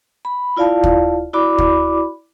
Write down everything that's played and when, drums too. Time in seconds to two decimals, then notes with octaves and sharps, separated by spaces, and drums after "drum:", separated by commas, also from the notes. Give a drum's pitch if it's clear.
0.25 B5
0.57 E4 F4 D5 F5 A5
0.84 drum: kick
1.33 E4 F#4 D5 B5 D6
1.58 drum: kick